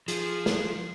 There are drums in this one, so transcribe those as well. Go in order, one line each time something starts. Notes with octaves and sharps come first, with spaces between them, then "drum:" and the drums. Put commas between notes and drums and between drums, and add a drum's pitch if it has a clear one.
F3 G#4, drum: hi-hat
drum: snare